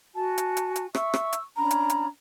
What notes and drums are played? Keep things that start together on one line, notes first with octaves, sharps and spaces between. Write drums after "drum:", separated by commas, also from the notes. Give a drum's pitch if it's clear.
F#4 G#5 A5
drum: hi-hat
drum: hi-hat
drum: hi-hat
E5 C#6 E6, drum: rim click
drum: rim click
drum: hi-hat
C#4 D4 A#5 B5
drum: hi-hat
drum: hi-hat